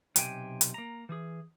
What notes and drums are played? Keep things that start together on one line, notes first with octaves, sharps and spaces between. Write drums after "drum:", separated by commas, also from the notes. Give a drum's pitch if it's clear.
B1 C3 G5 G#5, drum: hi-hat
drum: hi-hat
A#3 A#5
E3 G#4